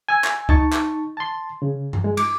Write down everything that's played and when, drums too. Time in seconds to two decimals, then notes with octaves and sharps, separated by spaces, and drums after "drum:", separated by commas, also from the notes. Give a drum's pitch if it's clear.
0.09 G#5 E6 G#6
0.24 drum: clap
0.49 D#4 A5 C#6, drum: kick C#2
0.72 drum: clap
1.17 A5 C6
1.62 C#3
1.93 drum: tom G2
2.04 G#3
2.17 D6, drum: cymbal